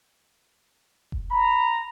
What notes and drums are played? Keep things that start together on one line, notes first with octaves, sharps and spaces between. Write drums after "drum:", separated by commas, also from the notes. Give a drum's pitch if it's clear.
drum: kick F1
A#5 B5